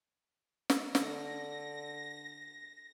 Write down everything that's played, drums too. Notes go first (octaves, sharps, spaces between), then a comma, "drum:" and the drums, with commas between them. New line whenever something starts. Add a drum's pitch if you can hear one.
drum: snare
D3 A#6, drum: snare